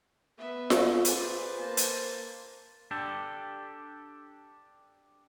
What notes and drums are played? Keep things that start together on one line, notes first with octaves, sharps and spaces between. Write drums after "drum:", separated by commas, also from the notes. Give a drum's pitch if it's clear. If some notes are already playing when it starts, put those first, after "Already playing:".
B3 E5
drum: snare F4
G#4 B4 C5 D5, drum: hi-hat
A#3 A5
drum: hi-hat
D4 G4 A4